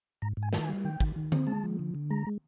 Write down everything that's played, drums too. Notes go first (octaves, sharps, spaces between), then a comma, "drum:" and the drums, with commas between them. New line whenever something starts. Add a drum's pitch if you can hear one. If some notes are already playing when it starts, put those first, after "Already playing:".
G#2 A#5
G#2
G#5
D#3 A5, drum: snare
G#5
G3
D#3 G5
D#3, drum: kick
D#3
C4, drum: tom D3
G#3 A5
F3
D3
D3
G#3 A#5
G#3